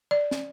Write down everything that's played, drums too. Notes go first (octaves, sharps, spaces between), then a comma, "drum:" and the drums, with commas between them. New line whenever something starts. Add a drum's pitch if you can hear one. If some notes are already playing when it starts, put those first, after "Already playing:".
D5
drum: snare